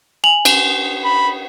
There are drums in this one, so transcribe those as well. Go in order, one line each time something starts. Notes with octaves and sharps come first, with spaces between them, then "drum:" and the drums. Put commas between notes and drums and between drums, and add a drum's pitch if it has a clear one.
G#5 F7 F#7
drum: cymbal
B5